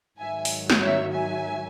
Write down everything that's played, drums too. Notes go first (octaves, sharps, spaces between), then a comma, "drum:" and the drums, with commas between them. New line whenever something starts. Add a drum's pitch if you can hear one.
G#2 D#3 F#3 E5 G#5
drum: open hi-hat
drum: snare
C#5 E5
E5 G#5